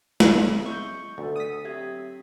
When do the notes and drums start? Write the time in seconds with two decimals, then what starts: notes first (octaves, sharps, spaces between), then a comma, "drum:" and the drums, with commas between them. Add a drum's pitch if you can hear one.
0.20 G#3 A3 B3 C4 A4 B4 D#5, drum: snare
0.66 C#6 G6
1.18 D2 B3 A4
1.36 D#6 B6
1.65 F#3 C4 G4 E5 G#6